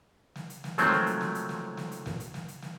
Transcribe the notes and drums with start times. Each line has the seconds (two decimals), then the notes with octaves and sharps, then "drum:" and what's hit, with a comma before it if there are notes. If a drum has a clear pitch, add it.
0.36 drum: snare
0.50 drum: hi-hat
0.64 drum: snare
0.78 D#3 F3 F#3 G#3 A3 C4, drum: hi-hat
0.92 drum: snare
1.06 drum: hi-hat
1.21 drum: snare
1.35 drum: hi-hat
1.49 drum: snare
1.77 drum: snare
1.91 drum: hi-hat
2.06 drum: snare
2.20 drum: hi-hat
2.34 drum: snare
2.48 drum: hi-hat
2.62 drum: snare